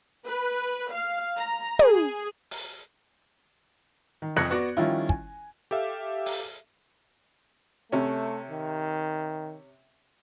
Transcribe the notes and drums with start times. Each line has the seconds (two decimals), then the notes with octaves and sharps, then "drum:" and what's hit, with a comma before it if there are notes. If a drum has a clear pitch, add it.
0.26 B4
0.91 F5
1.37 A#5
1.79 G#4, drum: tom
2.51 drum: open hi-hat
4.22 D#3
4.36 F2 F#6 G#6 A#6 C#7, drum: snare
4.50 B3 F#4 D5
4.77 D#3 F3 G3 C#4 E4 F4
5.09 G#5, drum: kick
5.71 G4 A4 E5 F5
6.26 drum: open hi-hat
7.92 C3 A3 C#4
8.51 D#3